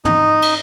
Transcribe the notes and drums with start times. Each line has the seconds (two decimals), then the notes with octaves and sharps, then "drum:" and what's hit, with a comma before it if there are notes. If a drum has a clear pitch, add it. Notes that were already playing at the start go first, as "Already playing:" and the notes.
0.05 D#4, drum: tom
0.42 drum: cymbal